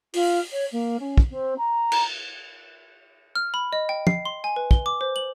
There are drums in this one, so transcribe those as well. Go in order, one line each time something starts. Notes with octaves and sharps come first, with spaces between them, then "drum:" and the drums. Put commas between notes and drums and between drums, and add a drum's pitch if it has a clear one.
F4, drum: open hi-hat
C#5
A#3
C#4
drum: kick
C4
A#5
drum: cymbal
F6
B5
D#5
G5
C7, drum: tom
C6
G#5
B4
G7, drum: kick
D6
C5
F#7